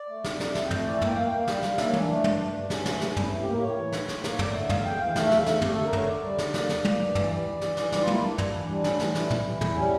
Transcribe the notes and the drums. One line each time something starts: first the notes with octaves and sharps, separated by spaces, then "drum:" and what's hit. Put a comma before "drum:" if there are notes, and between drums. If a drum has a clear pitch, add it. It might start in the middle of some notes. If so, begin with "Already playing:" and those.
Already playing: D5
A3
F2, drum: snare
A3, drum: snare
F2 E5, drum: snare
G5
A3, drum: tom
E5
E3 D5
E5
A#3 G5, drum: tom
A#3 F5
G5
A#3 F5
G3, drum: snare
G3, drum: snare
A#3 E5, drum: snare
C#5
E3, drum: tom
D4
A3
G2, drum: tom
G2
G2
G2 C#4, drum: snare
A3, drum: snare
G2 C#4, drum: snare
D4
G2 E4, drum: tom
A2 E4
A#3 G4
A#4
A2 C#5
E3
A2, drum: snare
A2, drum: snare
A#3 C#5, drum: snare
A2 D5, drum: tom
D3 E5
E2 F5, drum: tom
E2 G5
E2 F5
A3 F5, drum: snare
E5
E2, drum: snare
F5
A3 E5, drum: snare
A3 G4, drum: tom
D3 A4
A#4
D3 C#5, drum: tom
D3 D5
G3
D3, drum: snare
A#3, drum: snare
E2, drum: snare
A#3, drum: tom
G2
E3, drum: tom
G3 D5
E3
E3, drum: snare
E3, drum: snare
G3 D5, drum: snare
F4
A#3, drum: tom
E4
G3 D4
G3, drum: tom
E3
G3
A2 C#4, drum: snare
E3 D4, drum: snare
G3 E4, drum: snare
E3, drum: tom
E3
E2, drum: tom
G3 C#4